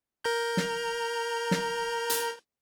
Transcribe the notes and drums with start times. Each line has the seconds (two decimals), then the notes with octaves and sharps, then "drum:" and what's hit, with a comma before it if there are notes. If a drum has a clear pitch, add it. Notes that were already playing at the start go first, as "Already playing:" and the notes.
0.24 A#4 A#5 G6
0.57 drum: snare
1.51 drum: snare
2.10 drum: hi-hat